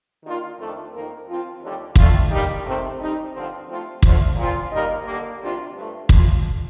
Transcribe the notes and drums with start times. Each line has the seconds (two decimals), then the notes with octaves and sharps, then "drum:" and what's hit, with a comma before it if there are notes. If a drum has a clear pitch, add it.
0.24 D#3 A#3 D4 F4
0.58 F2 D#3 A3 D4
0.93 F2 D#3 A#3 D#4 A#4
1.27 F3 C4 F4
1.62 D#2 D3 G3
1.96 A2 A3 D4 F4, drum: kick
2.30 G3 A#3 D#4 G4
2.65 C3 D#3 A3 C4
3.00 G3 C4 D#4
3.33 G2 D3 F3 C4
3.68 F3 A3 C4 F4
4.03 D3 A3 D4 F4 C5, drum: kick
4.37 A#2 F3 C4 F4
4.71 G3 A#3 D#4 A#4 D#5
5.05 D3 G3 A#3
5.40 D2 C3 G3 D4 F4
5.74 G2 F3 A3
6.09 A#2 A3 D4 F4, drum: kick